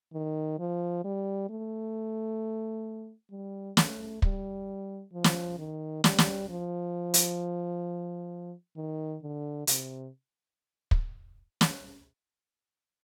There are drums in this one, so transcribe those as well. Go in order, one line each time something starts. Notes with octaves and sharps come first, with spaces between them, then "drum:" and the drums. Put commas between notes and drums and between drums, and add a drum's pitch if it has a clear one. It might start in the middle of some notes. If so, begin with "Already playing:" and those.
D#3
F3
G3
A3
G3
A3, drum: snare
G3, drum: kick
F3
drum: snare
D#3
G3, drum: snare
drum: snare
F3
drum: hi-hat
D#3
D3
C3, drum: hi-hat
drum: kick
drum: snare